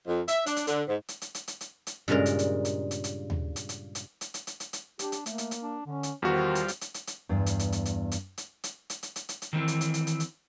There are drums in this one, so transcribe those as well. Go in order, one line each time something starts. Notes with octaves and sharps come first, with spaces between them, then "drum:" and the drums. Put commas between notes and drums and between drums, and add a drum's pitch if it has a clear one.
F2
E5, drum: hi-hat
D4, drum: hi-hat
drum: hi-hat
D3, drum: hi-hat
G#2
drum: hi-hat
drum: hi-hat
drum: hi-hat
drum: hi-hat
drum: hi-hat
drum: hi-hat
G2 A#2 C#3 G#3 A#4
drum: hi-hat
drum: hi-hat
drum: hi-hat
drum: hi-hat
drum: hi-hat
drum: tom D#2
drum: hi-hat
drum: hi-hat
drum: hi-hat
drum: hi-hat
drum: hi-hat
drum: hi-hat
drum: hi-hat
drum: hi-hat
D4 G4, drum: hi-hat
drum: hi-hat
A3 A#3, drum: hi-hat
drum: hi-hat
drum: hi-hat
D4
D3 C#4
drum: hi-hat
E2 D#3 G3 F4 F#4 C5
drum: hi-hat
drum: hi-hat
drum: hi-hat
drum: hi-hat
drum: hi-hat
E2 G2
drum: hi-hat
drum: hi-hat
drum: hi-hat
drum: hi-hat
drum: hi-hat
drum: hi-hat
drum: hi-hat
drum: hi-hat
drum: hi-hat
drum: hi-hat
drum: hi-hat
drum: hi-hat
D#3 E3 C4
drum: hi-hat
drum: hi-hat
drum: hi-hat
drum: hi-hat
drum: hi-hat